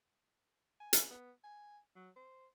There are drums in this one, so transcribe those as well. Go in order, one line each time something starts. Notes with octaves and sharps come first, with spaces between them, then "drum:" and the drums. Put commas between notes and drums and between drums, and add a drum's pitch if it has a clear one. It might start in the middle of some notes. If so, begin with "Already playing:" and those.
G#5
drum: hi-hat
B3
G#5
F#3
C5